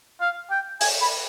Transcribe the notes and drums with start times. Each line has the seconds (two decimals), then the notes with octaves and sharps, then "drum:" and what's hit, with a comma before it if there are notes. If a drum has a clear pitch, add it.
0.21 F5
0.50 G5
0.81 G#5, drum: open hi-hat
1.01 B5